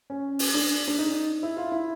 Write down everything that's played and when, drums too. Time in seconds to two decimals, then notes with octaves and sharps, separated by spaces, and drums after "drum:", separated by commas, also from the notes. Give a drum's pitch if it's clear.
0.10 C#4
0.39 drum: open hi-hat
0.54 D4
0.88 D4
0.98 D#4
1.43 E4
1.57 F4
1.72 E4